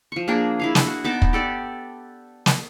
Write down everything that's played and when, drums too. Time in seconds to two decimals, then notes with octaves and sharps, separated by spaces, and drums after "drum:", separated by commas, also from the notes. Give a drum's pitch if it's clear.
0.12 F3 C#6
0.28 A#3 D4 G#4 A#4
0.59 E4 G#4 F5
0.75 drum: snare
0.87 F#4
1.04 B3 D#4 A5 D6
1.22 drum: kick
1.33 G4 A4 D5
2.46 drum: snare